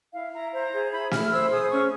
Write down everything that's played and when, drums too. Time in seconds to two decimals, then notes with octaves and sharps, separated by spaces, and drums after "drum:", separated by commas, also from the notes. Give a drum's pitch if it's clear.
0.13 E4 F5
0.33 E4 A#5
0.53 C5 A#5
0.72 G#4
0.92 E4 B5
1.11 E4 F6, drum: snare
1.31 C5 E6
1.51 G#4 D#6
1.70 C#4 C#6